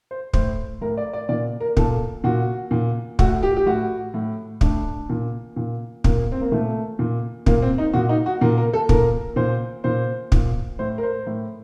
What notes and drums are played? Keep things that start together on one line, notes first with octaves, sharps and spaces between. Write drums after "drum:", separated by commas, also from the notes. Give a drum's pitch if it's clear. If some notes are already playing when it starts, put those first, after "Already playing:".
C5
A2 C5, drum: kick
A2 A#4
D5
D5
A#2 D5
A#4
A#2 A4, drum: kick
A#2 F#4
A#2
A2 F#4, drum: kick
G4
G4
A2 F#4
A2
A2 D4, drum: kick
A#2
A#2
A#2 A#3, drum: kick
C4
A#3
A#2 A3
A#2
A#2 A#3, drum: kick
C4
D#4
A#2 F#4
D#4
F#4
A#2 A#4
A#4
A4
A#2 A#4, drum: kick
A#2 C5
A#2 C5
A#2, drum: kick
A2 C5
A#4
C5
A2